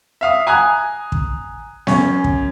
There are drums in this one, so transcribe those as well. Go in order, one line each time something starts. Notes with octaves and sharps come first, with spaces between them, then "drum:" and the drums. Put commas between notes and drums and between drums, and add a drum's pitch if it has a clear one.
E5 F5 D#6
G#5 A#5 D#6 F#6 G#6
drum: kick
F#2 C#4, drum: snare B3
drum: kick